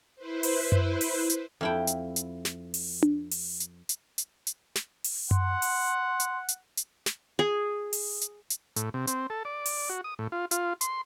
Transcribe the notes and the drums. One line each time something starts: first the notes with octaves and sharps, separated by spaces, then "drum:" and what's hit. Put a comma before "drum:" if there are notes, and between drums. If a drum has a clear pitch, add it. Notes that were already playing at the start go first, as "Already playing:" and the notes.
E4 B4 C5
drum: open hi-hat
drum: tom F#2
drum: open hi-hat
drum: hi-hat
F2 E4 G5
drum: hi-hat
drum: hi-hat
drum: snare
drum: open hi-hat
drum: tom D4
drum: open hi-hat
drum: hi-hat
drum: hi-hat
drum: hi-hat
drum: hi-hat
drum: snare
drum: open hi-hat
F#5 C6, drum: tom F#2
drum: open hi-hat
drum: hi-hat
drum: hi-hat
drum: hi-hat
drum: snare
G#4
drum: open hi-hat
drum: hi-hat
drum: hi-hat
A2, drum: hi-hat
C3
C4, drum: hi-hat
A4
D5
drum: open hi-hat
F#4
D#6
A2
F4
F4, drum: hi-hat
C6, drum: hi-hat